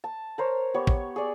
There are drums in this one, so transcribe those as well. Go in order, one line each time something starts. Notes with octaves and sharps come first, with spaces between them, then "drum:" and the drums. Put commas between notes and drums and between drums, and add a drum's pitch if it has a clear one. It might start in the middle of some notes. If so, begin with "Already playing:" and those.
A5
A#4 C5 C#5
B3 G4 C#5
drum: kick
G#4 D5